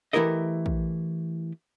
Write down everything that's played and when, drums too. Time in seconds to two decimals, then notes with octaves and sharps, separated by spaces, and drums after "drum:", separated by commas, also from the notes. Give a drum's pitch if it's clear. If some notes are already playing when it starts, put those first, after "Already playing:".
0.13 E3 A3 E4 G4 A#4 D#5
0.66 drum: kick